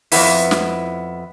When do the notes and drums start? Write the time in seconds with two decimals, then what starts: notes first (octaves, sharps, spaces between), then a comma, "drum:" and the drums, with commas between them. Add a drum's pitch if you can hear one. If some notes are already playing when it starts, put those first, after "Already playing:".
0.12 F2 G#2 B3 E4, drum: open hi-hat
0.51 drum: snare